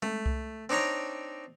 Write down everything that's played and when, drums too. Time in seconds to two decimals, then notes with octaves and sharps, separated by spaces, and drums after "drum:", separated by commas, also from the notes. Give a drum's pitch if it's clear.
0.02 A3, drum: tom G#3
0.26 drum: kick C2
0.69 C4 D4 D#4 C#5 A#5